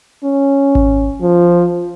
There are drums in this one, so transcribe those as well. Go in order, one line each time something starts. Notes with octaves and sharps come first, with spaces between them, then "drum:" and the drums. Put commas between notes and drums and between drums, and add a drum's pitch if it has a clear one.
C#4
drum: kick G#1
F3